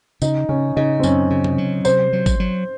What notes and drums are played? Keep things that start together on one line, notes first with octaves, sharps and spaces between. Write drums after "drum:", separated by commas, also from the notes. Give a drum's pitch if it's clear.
C#3 D#4, drum: tambourine
C#3 C#4
C#3 D#4
C4
F#2 C#4, drum: tambourine
C#3
drum: tom C3
F#3
C3 C5, drum: tambourine
F#3
drum: kick, tambourine
F#3